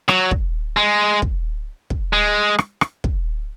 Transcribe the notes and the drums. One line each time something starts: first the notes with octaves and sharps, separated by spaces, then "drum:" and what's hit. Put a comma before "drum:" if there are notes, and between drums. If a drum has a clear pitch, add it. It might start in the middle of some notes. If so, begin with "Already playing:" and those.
F#3, drum: rim click
drum: kick
G#3
drum: kick
drum: kick
G#3
drum: rim click
drum: rim click
drum: kick